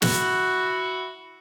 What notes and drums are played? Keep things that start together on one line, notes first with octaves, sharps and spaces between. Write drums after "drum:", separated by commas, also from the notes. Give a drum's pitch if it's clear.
E4 F#4, drum: snare